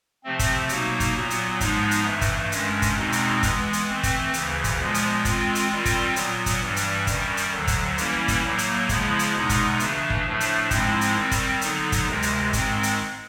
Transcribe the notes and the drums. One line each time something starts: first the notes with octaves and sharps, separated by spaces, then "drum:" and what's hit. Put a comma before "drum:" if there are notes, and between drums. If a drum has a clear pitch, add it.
C3 F3 A3 C4
drum: kick, hi-hat
B2 F#3 A#3 D#4 F#4, drum: hi-hat
drum: kick, hi-hat
A#2 F#3 B3
drum: hi-hat
G#2 F3 G#3 B3 D#4, drum: kick, hi-hat
drum: hi-hat
G2 E3 A3
drum: kick, hi-hat
G2 D#3 G#3 C#4, drum: hi-hat
drum: kick, hi-hat
E2 B2 G#3 C4 D#4
drum: hi-hat
E3 G#3 B3, drum: kick, hi-hat
drum: hi-hat
E3 A3 C4
drum: kick, hi-hat
D2 C#3 E3, drum: hi-hat
drum: kick, hi-hat
A#2 F3 G#3 B3
drum: hi-hat
D#3 G#3 C4 F4, drum: kick, hi-hat
drum: hi-hat
D#3 G3 C4 F4
drum: kick, hi-hat
A#2 F#3 B3, drum: hi-hat
drum: kick, hi-hat
G2 E3 G3
drum: hi-hat
F#2 D#3 G3, drum: kick, hi-hat
drum: hi-hat
D2 D3 F#3
drum: kick, hi-hat
E3 G3 A#3 C#4 E4, drum: hi-hat
drum: kick, hi-hat
A2 F#3 A#3
drum: hi-hat
C#3 F3 G#3 B3 E4, drum: kick, hi-hat
drum: hi-hat
E2 B2 G#3 B3 D#4
drum: kick, hi-hat
C#3 E3 A3 D4, drum: hi-hat
drum: kick
A2 F3 A3 D4
drum: hi-hat
G#2 F3 G#3 C4 E4, drum: kick, hi-hat
drum: hi-hat
D#3 G3 C4
drum: kick, hi-hat
D3 F#3 B3 D#4, drum: hi-hat
drum: kick, hi-hat
D2 C3 D#3 G#3
drum: hi-hat
G#2 D#3 G#3 C4, drum: kick, hi-hat
drum: hi-hat